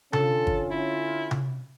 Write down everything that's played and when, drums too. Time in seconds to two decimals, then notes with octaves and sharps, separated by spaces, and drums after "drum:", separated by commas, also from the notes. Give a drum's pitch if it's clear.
0.13 D3 C#4 F4 A4, drum: tom C3
0.47 drum: kick G1
0.71 E4
1.31 drum: tom C3